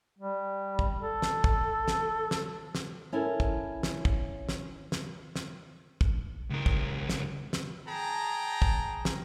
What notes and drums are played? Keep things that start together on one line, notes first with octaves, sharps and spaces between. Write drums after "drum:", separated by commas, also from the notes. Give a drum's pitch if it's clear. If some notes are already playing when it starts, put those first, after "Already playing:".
G3
drum: kick
A4
drum: snare
drum: kick
drum: snare
drum: snare
drum: snare
C#4 E4 A4 A#4
drum: kick
drum: snare
drum: kick
drum: snare
drum: snare
drum: snare
drum: kick
C#2 A#4
drum: kick
drum: snare
drum: snare
G#4 G5 A5 A#5
drum: kick
drum: snare